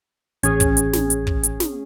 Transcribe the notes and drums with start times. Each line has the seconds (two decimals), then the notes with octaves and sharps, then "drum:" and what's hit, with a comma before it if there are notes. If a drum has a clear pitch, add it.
0.43 A1 C#4 G#4 G#6, drum: hi-hat
0.60 drum: kick, hi-hat
0.77 drum: hi-hat
0.93 drum: snare
1.10 drum: hi-hat
1.27 drum: kick
1.43 drum: hi-hat
1.60 drum: snare